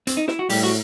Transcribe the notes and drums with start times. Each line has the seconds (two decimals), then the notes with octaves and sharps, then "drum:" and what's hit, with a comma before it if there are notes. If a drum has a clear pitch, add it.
0.07 C4, drum: hi-hat
0.17 D#4
0.28 E4, drum: snare
0.39 F#4
0.49 A2 G3 G4, drum: open hi-hat
0.64 F#4